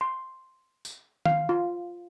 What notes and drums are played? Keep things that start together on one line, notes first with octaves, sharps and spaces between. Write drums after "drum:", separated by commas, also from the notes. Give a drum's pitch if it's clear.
C6
drum: tambourine
F5, drum: tom D#3
F4